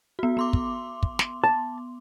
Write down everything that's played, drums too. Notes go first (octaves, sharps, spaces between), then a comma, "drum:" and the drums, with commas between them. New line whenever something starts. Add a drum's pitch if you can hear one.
B3 F#4
B3 C6 D6
drum: kick
drum: kick
drum: snare
A5